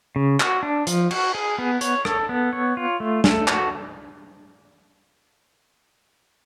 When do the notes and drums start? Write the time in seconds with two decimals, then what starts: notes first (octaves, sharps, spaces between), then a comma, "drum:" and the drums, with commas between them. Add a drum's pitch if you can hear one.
0.16 C#3
0.40 F#4, drum: clap
0.63 D4
0.87 F3, drum: hi-hat
1.11 F#4, drum: cymbal
1.35 G#4
1.58 B3
1.81 C#5, drum: hi-hat
2.05 A4, drum: rim click
2.29 B3
2.53 C#5
2.77 F4
3.00 A3
3.24 A4, drum: snare
3.48 F#4, drum: clap